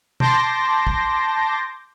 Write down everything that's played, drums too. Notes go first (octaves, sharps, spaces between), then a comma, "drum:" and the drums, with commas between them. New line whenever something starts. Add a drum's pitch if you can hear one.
A5 C6 D6 G6 A#6, drum: tom B2
drum: kick